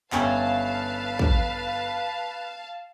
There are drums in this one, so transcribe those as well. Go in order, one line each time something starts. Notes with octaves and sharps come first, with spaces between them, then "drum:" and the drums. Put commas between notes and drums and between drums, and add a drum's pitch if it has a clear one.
G1 G3 A3 C#4 B4 F5 A5, drum: clap
drum: kick